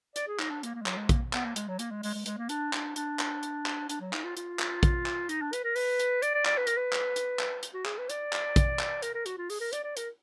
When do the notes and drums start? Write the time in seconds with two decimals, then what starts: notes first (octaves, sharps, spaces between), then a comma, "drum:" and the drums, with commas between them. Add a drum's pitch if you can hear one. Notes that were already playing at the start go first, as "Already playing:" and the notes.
0.16 D5, drum: hi-hat
0.28 G#4
0.40 D#4, drum: clap
0.51 D4
0.63 A#3, drum: hi-hat
0.75 A#3
0.82 G#3
0.86 F#3, drum: clap
0.97 G#3
1.09 A#3, drum: kick, hi-hat
1.33 B3, drum: clap
1.45 A#3
1.56 G#3, drum: hi-hat
1.68 F#3
1.79 A#3, drum: hi-hat
1.91 G#3
2.03 G#3, drum: open hi-hat
2.15 G#3
2.26 G#3, drum: hi-hat
2.38 A#3
2.49 D4, drum: hi-hat
2.73 D4, drum: clap
2.96 D4, drum: hi-hat
3.19 drum: clap
3.43 drum: hi-hat
3.66 drum: clap
3.89 D4, drum: hi-hat
4.01 F#3
4.13 D#4, drum: clap
4.24 F4
4.37 F4, drum: hi-hat
4.59 drum: clap
4.83 drum: kick, hi-hat
5.06 drum: clap
5.29 D#4, drum: hi-hat
5.41 D4
5.53 B4, drum: hi-hat
5.64 A#4
5.76 B4, drum: open hi-hat
5.99 drum: hi-hat
6.22 D5, drum: hi-hat
6.35 D5
6.45 D5, drum: clap
6.57 B4
6.67 A#4, drum: hi-hat
6.77 B4
6.93 drum: clap
7.16 drum: hi-hat
7.39 drum: clap
7.63 drum: hi-hat
7.74 F#4
7.85 G#4, drum: clap
7.98 B4
8.10 D5, drum: hi-hat
8.33 drum: clap
8.56 drum: kick, hi-hat
8.79 drum: clap
9.02 A#4, drum: hi-hat
9.14 A#4
9.26 F#4, drum: hi-hat
9.38 F4
9.50 G#4, drum: open hi-hat
9.61 A#4
9.73 D5, drum: hi-hat
9.84 D5
9.97 A#4, drum: hi-hat